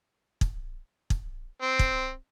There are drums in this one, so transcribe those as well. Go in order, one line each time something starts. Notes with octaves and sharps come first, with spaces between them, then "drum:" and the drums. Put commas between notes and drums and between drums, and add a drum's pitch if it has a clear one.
drum: kick
drum: kick
C4
drum: kick